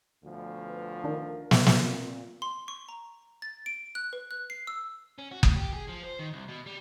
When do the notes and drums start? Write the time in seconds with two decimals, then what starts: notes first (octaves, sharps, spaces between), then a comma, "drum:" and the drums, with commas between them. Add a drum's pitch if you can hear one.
0.24 D2 B2 F3
0.67 B4
1.04 D#3 D4 A#4
1.51 drum: snare
1.66 drum: snare
1.79 A#2 C4
2.42 C6
2.68 C#6
2.89 A#5
3.42 A6
3.66 D7
3.95 F#6
4.13 B4
4.31 F#6
4.50 C7
4.67 E6
5.18 C#4
5.31 F#4
5.43 A2, drum: kick F#1
5.56 G4
5.73 G#4
5.89 F3
6.04 C5
6.19 D#3
6.33 C2
6.48 B2
6.66 G3